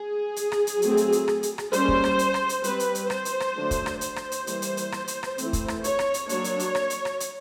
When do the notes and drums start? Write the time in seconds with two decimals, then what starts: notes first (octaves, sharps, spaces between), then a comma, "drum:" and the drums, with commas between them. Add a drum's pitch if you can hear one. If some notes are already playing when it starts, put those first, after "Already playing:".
Already playing: G#4
0.36 drum: hi-hat
0.52 drum: rim click
0.67 drum: hi-hat
0.82 F#3 A3 C4, drum: hi-hat
0.97 drum: hi-hat
1.12 drum: hi-hat
1.28 drum: rim click
1.43 drum: hi-hat
1.58 drum: rim click
1.73 G3 A#3 C#4 C5, drum: hi-hat
1.88 drum: kick
2.04 drum: rim click
2.19 drum: hi-hat
2.34 drum: rim click
2.49 drum: hi-hat
2.64 G3 C4 B4, drum: hi-hat
2.80 drum: hi-hat
2.95 drum: hi-hat
3.10 C5, drum: rim click
3.25 drum: hi-hat
3.40 drum: rim click
3.56 D3 F#3 A3 D4
3.71 drum: kick, hi-hat
3.86 drum: rim click
4.01 C5, drum: hi-hat
4.16 drum: rim click
4.32 drum: hi-hat
4.47 E3 G3 A#3, drum: hi-hat
4.62 drum: hi-hat
4.77 drum: hi-hat
4.92 drum: rim click
5.08 drum: hi-hat
5.23 drum: rim click
5.38 E3 A3 C4, drum: hi-hat
5.53 drum: kick, hi-hat
5.68 drum: rim click
5.84 C#5, drum: hi-hat
5.99 drum: rim click
6.14 drum: hi-hat
6.29 F#3 A#3 D4 C#5, drum: hi-hat
6.44 drum: hi-hat
6.60 drum: hi-hat
6.75 drum: rim click
6.90 drum: hi-hat
7.05 drum: rim click
7.20 drum: hi-hat